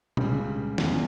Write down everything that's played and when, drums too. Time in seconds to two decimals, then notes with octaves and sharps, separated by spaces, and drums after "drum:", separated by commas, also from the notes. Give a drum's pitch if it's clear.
0.17 C#2 C#3 G3, drum: tom A#2
0.78 F1 E2 C#3, drum: snare